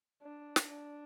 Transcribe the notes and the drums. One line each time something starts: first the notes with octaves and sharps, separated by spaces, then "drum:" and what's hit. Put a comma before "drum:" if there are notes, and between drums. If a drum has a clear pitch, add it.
D4
drum: snare
D4